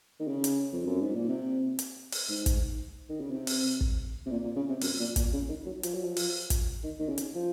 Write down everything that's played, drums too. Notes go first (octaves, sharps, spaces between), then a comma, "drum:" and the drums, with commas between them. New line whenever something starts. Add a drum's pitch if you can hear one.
D#3
C#3
drum: hi-hat
F2
F#2
G#2
A#2
C3
drum: hi-hat
drum: open hi-hat
G#2
drum: kick, hi-hat
D#3
C#3
C3
drum: open hi-hat
drum: kick
C3
A#2
A#2
C#3
C3
F#2, drum: open hi-hat
A#2
A#2, drum: kick, hi-hat
C#3
D#3
F#3
F3, drum: hi-hat
F#3
F3
drum: open hi-hat
drum: kick, hi-hat
D#3
D#3
C#3
drum: hi-hat
F3